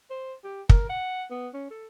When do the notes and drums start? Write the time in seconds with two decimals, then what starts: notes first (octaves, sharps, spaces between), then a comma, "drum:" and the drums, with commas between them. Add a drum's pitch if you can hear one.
0.10 C5
0.44 G4
0.69 A#4, drum: kick
0.89 F#5
1.30 B3
1.54 C#4
1.70 A4